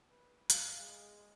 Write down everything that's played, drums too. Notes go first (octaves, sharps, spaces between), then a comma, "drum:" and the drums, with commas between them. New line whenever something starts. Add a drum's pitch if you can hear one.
B4
F5, drum: hi-hat
G#3